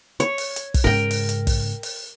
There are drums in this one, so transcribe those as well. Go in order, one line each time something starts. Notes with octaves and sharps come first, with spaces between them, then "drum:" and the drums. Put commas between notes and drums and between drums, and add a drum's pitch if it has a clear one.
C#5, drum: hi-hat
drum: open hi-hat
drum: hi-hat
drum: kick, open hi-hat
G#2 C#3 A#4 G5
drum: open hi-hat
drum: hi-hat
drum: kick, open hi-hat
drum: open hi-hat